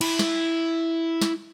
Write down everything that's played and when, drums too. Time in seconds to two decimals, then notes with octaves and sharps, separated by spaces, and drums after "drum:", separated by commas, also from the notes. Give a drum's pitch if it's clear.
0.01 E4, drum: cymbal
0.19 drum: snare
1.21 drum: snare